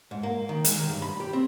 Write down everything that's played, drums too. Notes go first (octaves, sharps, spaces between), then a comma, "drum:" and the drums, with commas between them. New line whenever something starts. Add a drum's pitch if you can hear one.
G#2
A#3
D#3
G#3, drum: hi-hat
D#3
G2
B5
G4
C4